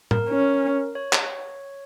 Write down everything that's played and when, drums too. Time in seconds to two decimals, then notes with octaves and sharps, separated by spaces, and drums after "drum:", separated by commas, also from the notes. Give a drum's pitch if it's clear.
0.11 A#4, drum: tom
0.29 C#4
0.95 C#5
1.13 drum: clap